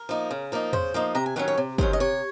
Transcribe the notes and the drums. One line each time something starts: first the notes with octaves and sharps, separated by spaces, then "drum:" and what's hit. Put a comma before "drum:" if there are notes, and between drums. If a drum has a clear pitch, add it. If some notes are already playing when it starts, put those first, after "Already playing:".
Already playing: A#4
F3 A#3 D#4
C#3
F3 A#3 D#4
C#3 C5, drum: tom E2
F3 A#3 D#4
C3 A#5
G#5
D#3 F#3 C#4 F#5
C#5
C3
D#3 F#3 C#4 C5, drum: kick
D#5
C3 C#5